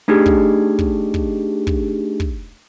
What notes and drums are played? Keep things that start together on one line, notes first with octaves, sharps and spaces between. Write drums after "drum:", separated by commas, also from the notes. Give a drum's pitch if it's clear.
A3 D4 D#4 G4 G#4
drum: kick
drum: kick
drum: kick
drum: kick
drum: kick